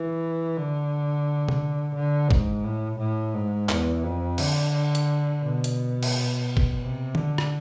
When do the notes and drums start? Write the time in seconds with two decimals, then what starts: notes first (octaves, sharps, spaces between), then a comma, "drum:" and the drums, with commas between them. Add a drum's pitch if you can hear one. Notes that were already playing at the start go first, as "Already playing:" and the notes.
Already playing: E3
0.57 D3
1.49 drum: tom
1.95 D3
2.31 G#2, drum: kick
2.64 A2
2.99 A2
3.34 G#2
3.69 E2, drum: clap
4.03 F2
4.38 D3, drum: cymbal
4.95 drum: hi-hat
5.42 B2
5.64 drum: hi-hat
6.03 drum: cymbal
6.57 drum: kick
6.80 C3
7.15 D3, drum: tom
7.38 drum: rim click